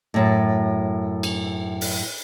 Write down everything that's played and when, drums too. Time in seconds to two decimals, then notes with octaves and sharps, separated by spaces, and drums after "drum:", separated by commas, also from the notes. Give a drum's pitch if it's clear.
0.14 F#2 A2
1.23 drum: cymbal
1.81 drum: open hi-hat